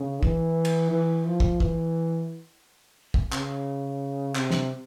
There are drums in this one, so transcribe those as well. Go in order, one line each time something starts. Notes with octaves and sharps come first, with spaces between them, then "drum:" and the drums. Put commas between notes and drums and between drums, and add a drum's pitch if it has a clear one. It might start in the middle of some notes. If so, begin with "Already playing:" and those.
Already playing: C#3
E3, drum: kick
drum: cymbal
E3
F3
drum: kick
E3, drum: kick
drum: kick
C#3, drum: clap
C3, drum: clap
drum: snare